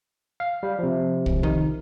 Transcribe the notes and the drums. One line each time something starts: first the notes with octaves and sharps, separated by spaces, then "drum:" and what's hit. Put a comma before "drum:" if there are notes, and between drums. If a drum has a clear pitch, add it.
F5
G3
C3 F3
drum: kick
D#3